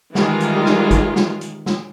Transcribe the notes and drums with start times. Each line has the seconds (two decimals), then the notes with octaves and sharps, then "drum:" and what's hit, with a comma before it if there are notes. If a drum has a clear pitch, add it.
0.15 D#3 E3 G3 G#3 F4, drum: snare
0.40 drum: hi-hat
0.66 drum: snare
0.91 drum: kick, hi-hat
1.16 drum: snare
1.41 drum: hi-hat
1.66 drum: snare